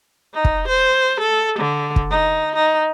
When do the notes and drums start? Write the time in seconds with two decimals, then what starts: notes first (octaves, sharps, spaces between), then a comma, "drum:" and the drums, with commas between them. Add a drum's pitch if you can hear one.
0.34 D#4
0.45 drum: kick
0.68 C5
1.20 A4
1.59 D3
1.96 drum: kick
2.10 D#4
2.55 D#4